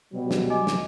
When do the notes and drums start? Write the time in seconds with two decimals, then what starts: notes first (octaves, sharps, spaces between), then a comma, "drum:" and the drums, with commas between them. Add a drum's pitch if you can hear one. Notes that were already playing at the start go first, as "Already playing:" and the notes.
0.13 B2 F#3 G3
0.31 drum: snare
0.50 D#5 G#5 D6
0.67 drum: snare